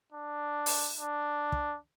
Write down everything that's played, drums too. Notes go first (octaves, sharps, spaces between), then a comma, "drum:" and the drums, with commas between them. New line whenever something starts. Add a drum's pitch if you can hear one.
D4
drum: open hi-hat
D4
drum: kick